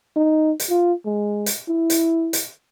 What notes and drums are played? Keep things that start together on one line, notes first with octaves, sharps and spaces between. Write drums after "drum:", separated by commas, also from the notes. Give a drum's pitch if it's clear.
D#4
drum: hi-hat
F4
G#3
drum: hi-hat
E4
drum: hi-hat
drum: hi-hat